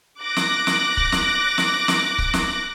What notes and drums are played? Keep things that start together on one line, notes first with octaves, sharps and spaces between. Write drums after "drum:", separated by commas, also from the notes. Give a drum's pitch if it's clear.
D6 F#6 A#6
drum: snare
drum: snare
drum: kick C#1
drum: snare
drum: snare
drum: snare
drum: kick C#1
drum: snare